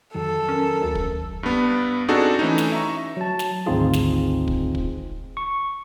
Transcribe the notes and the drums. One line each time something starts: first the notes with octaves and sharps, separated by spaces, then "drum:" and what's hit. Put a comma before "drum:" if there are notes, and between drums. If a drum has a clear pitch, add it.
F2 D#3 F#3 A4
C#4 A#4
D2
drum: kick
G2 B3
C4 D4 D#4 F#4 G#4 A4
E3 A3 C#4 D#4
drum: snare
E5 A#5 C#6
F#3 A5
drum: snare
G#1 D2 C4 D#4 F4 G#4
drum: snare
drum: kick
drum: kick
C#6